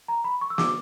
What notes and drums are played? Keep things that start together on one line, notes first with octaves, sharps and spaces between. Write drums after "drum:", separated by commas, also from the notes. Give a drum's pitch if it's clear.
A#5
B5
C#6
E6
D6, drum: snare